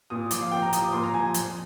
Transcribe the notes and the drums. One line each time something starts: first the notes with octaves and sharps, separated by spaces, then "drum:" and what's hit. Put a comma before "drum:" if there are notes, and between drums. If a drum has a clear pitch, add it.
A#2 D#6
F3 D6, drum: hi-hat
F5
A#2 G5
A#5
F3 D#6, drum: hi-hat
D6
A#2 C6
A#5
F3 G#5
F2, drum: hi-hat